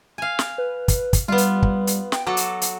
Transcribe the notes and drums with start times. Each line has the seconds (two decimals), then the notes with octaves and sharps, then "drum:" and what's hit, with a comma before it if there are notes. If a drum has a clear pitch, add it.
0.18 F5 G#5
0.39 drum: snare
0.58 B4
0.88 drum: kick, hi-hat
1.13 drum: kick, hi-hat
1.28 G3 B3 F4
1.38 drum: hi-hat
1.62 drum: kick
1.87 drum: hi-hat
2.12 G5, drum: snare
2.27 F#3 F#4 A4 D6
2.37 drum: hi-hat
2.62 drum: hi-hat